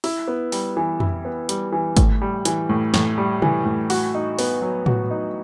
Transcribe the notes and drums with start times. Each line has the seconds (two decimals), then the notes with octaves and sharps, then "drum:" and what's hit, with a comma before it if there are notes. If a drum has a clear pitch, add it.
0.04 E4, drum: open hi-hat
0.28 B3
0.52 G3, drum: open hi-hat
0.77 E3
1.00 E4, drum: tom F2
1.25 B3
1.49 G3, drum: hi-hat
1.72 E3
1.97 A2, drum: kick G#1, hi-hat
2.22 G3
2.45 E3, drum: hi-hat
2.69 A2
2.94 A2, drum: snare
3.18 G3
3.42 E3, drum: tom C3
3.65 A2
3.90 F#4, drum: open hi-hat
4.15 D#4
4.39 B3, drum: open hi-hat
4.62 F#3
4.86 F#4, drum: tom A2
5.11 D#4